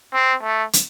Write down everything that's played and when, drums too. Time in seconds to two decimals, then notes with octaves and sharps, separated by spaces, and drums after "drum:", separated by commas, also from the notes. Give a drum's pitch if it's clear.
0.14 C4
0.43 A3
0.73 drum: hi-hat